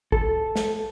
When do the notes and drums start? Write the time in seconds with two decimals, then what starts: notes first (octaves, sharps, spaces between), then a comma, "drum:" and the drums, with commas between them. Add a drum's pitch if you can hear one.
0.12 A4, drum: kick A1
0.56 drum: snare